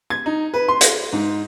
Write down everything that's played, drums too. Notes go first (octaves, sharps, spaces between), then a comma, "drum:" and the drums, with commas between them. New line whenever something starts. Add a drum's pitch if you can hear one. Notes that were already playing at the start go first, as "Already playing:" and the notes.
G#6
D#4
B4
C6
drum: hi-hat
G#2